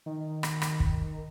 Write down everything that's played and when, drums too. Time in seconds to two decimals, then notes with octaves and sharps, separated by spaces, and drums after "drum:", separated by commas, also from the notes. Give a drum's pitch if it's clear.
0.06 D#3
0.43 drum: rim click
0.62 drum: rim click
0.80 drum: kick